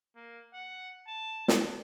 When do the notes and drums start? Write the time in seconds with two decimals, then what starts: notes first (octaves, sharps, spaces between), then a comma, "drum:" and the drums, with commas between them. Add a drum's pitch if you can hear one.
0.16 A#3
0.54 F#5
1.07 A5
1.48 D4, drum: snare